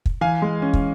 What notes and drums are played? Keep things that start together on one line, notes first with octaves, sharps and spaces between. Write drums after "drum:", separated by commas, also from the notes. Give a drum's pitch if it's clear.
drum: kick
E3 F5 G#5
G#3
C#4
drum: kick